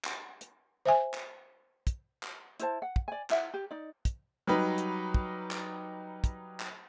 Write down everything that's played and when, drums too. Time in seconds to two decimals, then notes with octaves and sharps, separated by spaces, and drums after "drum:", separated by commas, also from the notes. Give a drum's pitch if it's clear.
0.05 drum: clap
0.41 drum: hi-hat
0.86 C5 E5 G#5
1.14 drum: clap
1.87 drum: kick, hi-hat
2.23 drum: clap
2.60 E4 C5 A5, drum: hi-hat
2.82 F#5
2.96 drum: kick
3.08 D5 G#5
3.30 E4 E5 F#5, drum: clap
3.54 G4
3.71 D#4 D5
4.05 drum: kick, hi-hat
4.47 F#3 G3 D#4 B4
4.78 drum: hi-hat
5.14 drum: kick
5.51 drum: clap
6.24 drum: kick, hi-hat
6.60 drum: clap